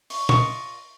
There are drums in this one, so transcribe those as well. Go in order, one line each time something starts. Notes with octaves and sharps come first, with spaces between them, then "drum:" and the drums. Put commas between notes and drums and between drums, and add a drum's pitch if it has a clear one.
C#6, drum: open hi-hat
F4 A#4 D#5 C#6, drum: tom